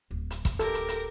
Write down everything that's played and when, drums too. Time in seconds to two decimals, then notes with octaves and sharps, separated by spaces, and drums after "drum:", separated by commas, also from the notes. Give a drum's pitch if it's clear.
0.11 D1
0.30 drum: hi-hat
0.45 drum: kick, hi-hat
0.59 G4 A4 A#4, drum: hi-hat
0.74 drum: hi-hat
0.88 drum: hi-hat